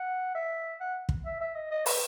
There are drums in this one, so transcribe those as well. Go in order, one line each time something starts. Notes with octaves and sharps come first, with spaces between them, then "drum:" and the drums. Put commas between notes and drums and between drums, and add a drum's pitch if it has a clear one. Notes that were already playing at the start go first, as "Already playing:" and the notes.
Already playing: F#5
E5
F#5
drum: kick
E5
E5
D#5
D#5
B4, drum: open hi-hat